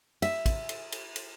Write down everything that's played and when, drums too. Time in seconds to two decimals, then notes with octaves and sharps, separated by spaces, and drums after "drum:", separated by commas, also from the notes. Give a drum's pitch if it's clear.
0.22 E5, drum: cymbal
0.46 drum: kick, cymbal
0.69 drum: cymbal
0.92 drum: cymbal
1.16 drum: cymbal